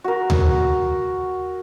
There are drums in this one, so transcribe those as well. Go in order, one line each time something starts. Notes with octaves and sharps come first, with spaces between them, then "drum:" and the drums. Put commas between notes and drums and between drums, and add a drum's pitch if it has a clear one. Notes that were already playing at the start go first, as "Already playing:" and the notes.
F#4 A#4
drum: tom D2